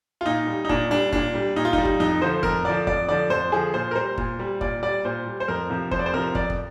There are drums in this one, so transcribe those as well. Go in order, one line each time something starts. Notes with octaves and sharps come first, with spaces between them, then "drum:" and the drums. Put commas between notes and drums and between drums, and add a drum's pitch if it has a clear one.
F4
A#2 D#4
G3
D#4
A#2 D4, drum: kick
G3 D4
A#2 D4, drum: kick
G3
A#2 D#4
F4
G3 D#4, drum: kick
drum: kick
F2 D#4
D3 F3 C5
F2 A#4, drum: kick
D3 F3 D5
F2 D5, drum: kick
D3 F3 D5
F2 C5
D3 F3 G#4
A#2 C5
A#4
G3 C5
A#2, drum: kick
G3
A#2 D5, drum: kick
G3 D5
A#2 C5
G3
C5
F2 A#4
C3 F3
F2 C5, drum: kick
D5
C5
C3 F3 A#4
F2 D5, drum: kick
drum: kick